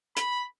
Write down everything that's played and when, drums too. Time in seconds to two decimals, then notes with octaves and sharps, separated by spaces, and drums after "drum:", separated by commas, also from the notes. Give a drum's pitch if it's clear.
0.17 B5, drum: hi-hat